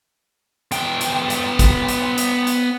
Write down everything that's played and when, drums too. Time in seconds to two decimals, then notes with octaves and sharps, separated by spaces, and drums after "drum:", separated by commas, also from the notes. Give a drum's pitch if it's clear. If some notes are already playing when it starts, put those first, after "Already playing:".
0.72 B3 G5, drum: hi-hat
1.01 drum: hi-hat
1.30 drum: hi-hat
1.59 drum: kick, hi-hat
1.88 drum: hi-hat
2.18 drum: hi-hat
2.47 drum: hi-hat